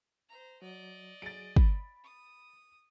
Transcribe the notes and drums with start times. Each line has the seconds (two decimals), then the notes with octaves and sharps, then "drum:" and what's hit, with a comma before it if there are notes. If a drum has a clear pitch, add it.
0.29 C5 A#5
0.62 F#3 D5 D#5
1.22 F#3 G#4 A6 D7
1.56 B5, drum: kick
2.04 D#6